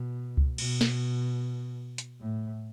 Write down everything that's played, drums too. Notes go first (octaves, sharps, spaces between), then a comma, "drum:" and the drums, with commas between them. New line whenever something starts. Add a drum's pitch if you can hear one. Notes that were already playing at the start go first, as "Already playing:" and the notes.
Already playing: B2
drum: kick C#2
B2, drum: cymbal
drum: snare
drum: hi-hat
A2